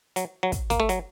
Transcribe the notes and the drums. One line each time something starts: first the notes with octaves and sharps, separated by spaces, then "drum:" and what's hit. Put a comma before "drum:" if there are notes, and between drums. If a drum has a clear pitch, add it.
F#3, drum: hi-hat
F#3
drum: kick, hi-hat
A#3, drum: kick, hi-hat
A3
F#3, drum: hi-hat